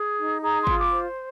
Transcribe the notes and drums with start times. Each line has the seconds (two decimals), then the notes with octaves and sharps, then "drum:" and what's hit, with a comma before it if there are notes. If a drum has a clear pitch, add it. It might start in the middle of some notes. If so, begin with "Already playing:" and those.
Already playing: G#4
0.17 D#4
0.42 G#4 A#5
0.61 C6
0.67 F4, drum: kick
0.80 D6
0.92 C5